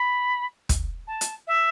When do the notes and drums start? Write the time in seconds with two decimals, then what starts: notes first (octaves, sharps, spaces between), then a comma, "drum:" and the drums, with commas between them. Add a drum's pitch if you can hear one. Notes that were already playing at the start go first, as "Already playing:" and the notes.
Already playing: B5
0.69 drum: kick, hi-hat
1.07 A5
1.21 drum: hi-hat
1.47 E5